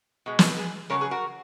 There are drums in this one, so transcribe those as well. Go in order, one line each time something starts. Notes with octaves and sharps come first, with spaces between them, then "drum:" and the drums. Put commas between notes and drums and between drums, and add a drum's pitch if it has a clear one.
B2 G#3
drum: snare
G#4 B4
C#3 F#3 A#4 C#5
G#4 B4
F#4 A#4